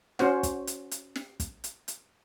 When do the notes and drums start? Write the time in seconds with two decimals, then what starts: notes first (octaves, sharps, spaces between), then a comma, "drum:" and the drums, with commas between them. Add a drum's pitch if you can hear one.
0.19 C#4 F#4 C5 F#5, drum: snare
0.43 drum: kick, hi-hat
0.67 drum: hi-hat
0.91 drum: hi-hat
1.16 drum: snare
1.40 drum: kick, hi-hat
1.64 drum: hi-hat
1.88 drum: hi-hat